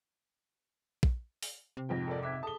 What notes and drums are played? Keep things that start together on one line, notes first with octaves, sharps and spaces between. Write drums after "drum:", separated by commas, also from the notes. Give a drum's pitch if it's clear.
drum: kick A#1
drum: open hi-hat
C3
F2 G#2 F4 G5 A#6
A4 A#4 D5
E5 D6 F#6 G#6 B6
G#4 A4 A5 D#6 G7